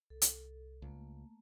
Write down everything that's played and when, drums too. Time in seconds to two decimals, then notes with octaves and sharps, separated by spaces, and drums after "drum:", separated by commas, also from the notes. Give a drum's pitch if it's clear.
0.10 C2 A4
0.22 drum: hi-hat
0.82 C#2 A3 A#3